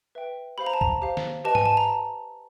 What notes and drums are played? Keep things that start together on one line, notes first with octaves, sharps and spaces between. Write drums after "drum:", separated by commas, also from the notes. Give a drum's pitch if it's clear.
B4 E5 G5
G4 C5 F5 B5
A#5
A5
A#5, drum: kick C2
G4 C5 F5
drum: snare
G4 B4 D#5 A5
G#5, drum: tom G#2
A5
A#5